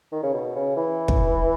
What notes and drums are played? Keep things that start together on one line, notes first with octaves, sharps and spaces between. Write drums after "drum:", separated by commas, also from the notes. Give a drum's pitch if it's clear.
D#3
C#3
B2
C#3
E3
drum: kick